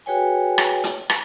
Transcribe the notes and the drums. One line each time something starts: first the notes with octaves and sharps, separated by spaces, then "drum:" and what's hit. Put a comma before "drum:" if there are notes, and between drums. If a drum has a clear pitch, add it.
F#4 G#4 B4 C#5 G5 G#5
drum: rim click
drum: hi-hat
drum: rim click